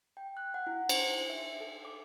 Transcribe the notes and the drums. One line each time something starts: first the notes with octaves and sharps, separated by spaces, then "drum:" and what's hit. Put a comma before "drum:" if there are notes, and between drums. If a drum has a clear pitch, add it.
G5
F#6
F#5
E4
C5, drum: cymbal
E5
A4
D6